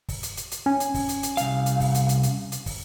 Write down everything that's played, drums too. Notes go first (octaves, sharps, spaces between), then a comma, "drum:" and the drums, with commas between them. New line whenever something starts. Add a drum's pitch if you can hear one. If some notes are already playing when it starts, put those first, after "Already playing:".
drum: kick, open hi-hat
drum: hi-hat
drum: hi-hat
drum: hi-hat
C#4 G#5
drum: hi-hat
drum: kick, open hi-hat
drum: hi-hat
drum: hi-hat
C2 F5, drum: hi-hat
drum: hi-hat
drum: kick, open hi-hat
drum: hi-hat
drum: hi-hat
drum: hi-hat
drum: hi-hat
drum: kick, open hi-hat